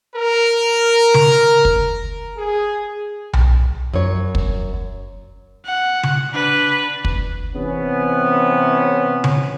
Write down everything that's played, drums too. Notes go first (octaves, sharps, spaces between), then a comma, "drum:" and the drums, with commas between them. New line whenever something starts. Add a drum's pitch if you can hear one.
A#4
drum: tom C#3
drum: kick
G#4
drum: tom B1
F#2 C#5
drum: kick
F#5
drum: tom C#3
D4 B4
drum: kick
C3 E3 B3 C#4
drum: tom C#3